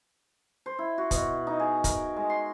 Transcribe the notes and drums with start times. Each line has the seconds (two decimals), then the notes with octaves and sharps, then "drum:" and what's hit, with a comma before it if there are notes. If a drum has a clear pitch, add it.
0.66 C5
0.79 E4
0.98 F#4
1.11 B2, drum: kick, hi-hat
1.47 D#4
1.60 G#4
1.84 A#4, drum: kick, hi-hat
2.16 G#3
2.30 C6